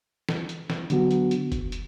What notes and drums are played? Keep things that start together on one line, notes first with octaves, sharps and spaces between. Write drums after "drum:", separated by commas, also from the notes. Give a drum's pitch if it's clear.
drum: snare
drum: hi-hat
drum: snare
D3 F#3 B3 F#4, drum: hi-hat
drum: hi-hat
drum: hi-hat
drum: kick, hi-hat
drum: hi-hat